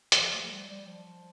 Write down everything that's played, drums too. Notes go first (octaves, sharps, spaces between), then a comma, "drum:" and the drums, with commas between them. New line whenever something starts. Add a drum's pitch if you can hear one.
D3, drum: hi-hat
F3
A3
F3
G3
G3
F3